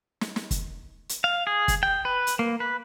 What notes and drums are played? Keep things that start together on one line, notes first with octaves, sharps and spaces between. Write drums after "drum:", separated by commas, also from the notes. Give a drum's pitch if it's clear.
drum: snare
drum: snare
drum: kick, hi-hat
drum: hi-hat
F5
G#4
drum: kick, hi-hat
G5
B4
drum: hi-hat
A#3
B4